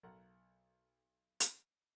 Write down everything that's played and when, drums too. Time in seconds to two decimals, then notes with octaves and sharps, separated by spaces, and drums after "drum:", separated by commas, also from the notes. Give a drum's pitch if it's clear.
0.03 B1 A4 A#4 F#5 A#5
1.40 drum: hi-hat